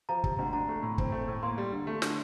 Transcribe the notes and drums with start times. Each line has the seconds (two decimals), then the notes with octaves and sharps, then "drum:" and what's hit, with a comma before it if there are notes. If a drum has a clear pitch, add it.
0.09 F3 A#5
0.24 C3, drum: kick
0.39 D2
0.53 D4 A#5
0.68 A3
0.83 A2
0.98 C4, drum: kick
1.12 A3
1.28 A2
1.43 A#3 C6
1.58 G3
1.73 D3
1.87 A3
2.02 D3, drum: snare